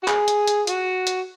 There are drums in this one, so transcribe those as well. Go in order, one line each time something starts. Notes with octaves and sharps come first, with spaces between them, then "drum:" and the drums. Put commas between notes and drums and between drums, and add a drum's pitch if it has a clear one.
F#4
G#4, drum: clap
drum: hi-hat
drum: hi-hat
F#4, drum: hi-hat
drum: hi-hat